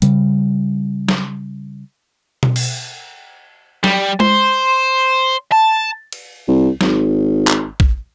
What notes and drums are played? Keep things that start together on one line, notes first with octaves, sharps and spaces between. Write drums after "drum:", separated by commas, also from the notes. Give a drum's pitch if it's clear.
C#3 G3, drum: hi-hat
drum: snare
drum: tom B2
drum: cymbal
G3, drum: snare
C5, drum: tom G#3
A5
drum: cymbal
C2
G#1, drum: snare
drum: clap
drum: kick